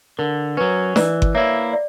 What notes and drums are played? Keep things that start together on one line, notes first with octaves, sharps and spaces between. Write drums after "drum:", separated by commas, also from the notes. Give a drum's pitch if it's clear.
D3 A#4
F#3 C#4 B4
E3 B4 D5, drum: snare
drum: kick G1
A#3 E4 C#5 E5
D5